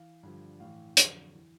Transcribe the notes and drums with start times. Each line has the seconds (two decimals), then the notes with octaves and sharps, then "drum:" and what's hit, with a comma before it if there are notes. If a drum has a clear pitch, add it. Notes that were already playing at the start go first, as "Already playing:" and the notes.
Already playing: E3 F5
0.23 G2 D3 F3
0.60 A2 E3 F5
0.97 F2 D3 F#3, drum: hi-hat
1.35 E3